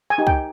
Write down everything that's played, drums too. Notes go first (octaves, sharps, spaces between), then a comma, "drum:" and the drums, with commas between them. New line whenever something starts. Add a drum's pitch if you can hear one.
G#5
D#4 G4
G5, drum: kick